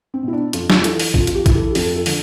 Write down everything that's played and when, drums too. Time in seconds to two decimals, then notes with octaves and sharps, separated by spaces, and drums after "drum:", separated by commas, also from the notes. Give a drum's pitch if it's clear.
0.14 C4
0.23 B2 E4
0.33 D4
0.53 F2 F4, drum: hi-hat
0.70 F4, drum: snare
0.84 E3 A4, drum: hi-hat
1.00 drum: open hi-hat
1.14 F2 F4, drum: kick
1.27 F4, drum: hi-hat
1.35 G4
1.46 E3, drum: kick, hi-hat
1.55 A4
1.71 G4
1.75 F2 A4, drum: open hi-hat
1.96 A4
2.06 D3 F3, drum: open hi-hat